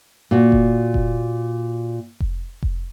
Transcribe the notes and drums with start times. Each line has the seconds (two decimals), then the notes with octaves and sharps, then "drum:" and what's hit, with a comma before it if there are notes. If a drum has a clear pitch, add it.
0.31 A#2 F#4
0.52 drum: kick F1
0.94 drum: kick F1
2.20 drum: kick F1
2.63 drum: kick F1